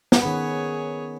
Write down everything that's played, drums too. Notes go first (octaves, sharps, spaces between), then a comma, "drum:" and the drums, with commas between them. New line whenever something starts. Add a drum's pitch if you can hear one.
drum: snare
D#3 B3 C#4 G#4 B4 C#5